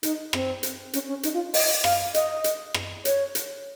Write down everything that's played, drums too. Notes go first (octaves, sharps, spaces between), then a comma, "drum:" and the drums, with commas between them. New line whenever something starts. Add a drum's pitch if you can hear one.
D#4, drum: hi-hat
C4, drum: rim click
drum: hi-hat
C#4, drum: hi-hat
C#4
D#4, drum: hi-hat
F4
D#5, drum: open hi-hat
F5, drum: rim click
D#5, drum: hi-hat
drum: hi-hat
drum: rim click
C#5, drum: hi-hat
drum: hi-hat